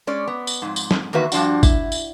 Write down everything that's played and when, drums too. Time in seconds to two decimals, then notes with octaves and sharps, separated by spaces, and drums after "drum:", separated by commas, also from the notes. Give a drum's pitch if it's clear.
0.07 G#3 C#4 D5
0.27 B3
0.47 drum: tambourine
0.62 F2 G#2
0.76 drum: tambourine
0.91 drum: snare
1.13 E2 D#3 A#3 F#4 B4 E5
1.32 G2 F3 D4 F#4, drum: tambourine
1.63 E4, drum: kick, tambourine
1.92 drum: tambourine